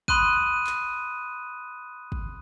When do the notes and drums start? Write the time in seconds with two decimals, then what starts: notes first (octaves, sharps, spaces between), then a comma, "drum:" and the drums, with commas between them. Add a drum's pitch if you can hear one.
0.08 B5 C6 D#6 F#6 D#7, drum: kick
0.67 drum: clap
2.12 drum: kick